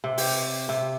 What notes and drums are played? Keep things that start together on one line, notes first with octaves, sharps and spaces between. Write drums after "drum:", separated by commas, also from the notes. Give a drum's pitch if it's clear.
C3
G4, drum: open hi-hat
C3